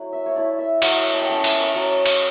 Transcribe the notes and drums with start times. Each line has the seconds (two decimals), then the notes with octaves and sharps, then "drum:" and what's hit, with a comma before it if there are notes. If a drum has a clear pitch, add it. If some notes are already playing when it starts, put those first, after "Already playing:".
Already playing: F#3 A3 E4
0.13 E5
0.26 C#5
0.35 A3 E4 D5
0.58 E5
0.82 F#3 F#5, drum: cymbal
1.13 A5
1.21 G5
1.29 A3 C#4 A5
1.44 B5, drum: cymbal
1.52 C#6
1.61 B5
1.74 F#3 B5
2.05 drum: cymbal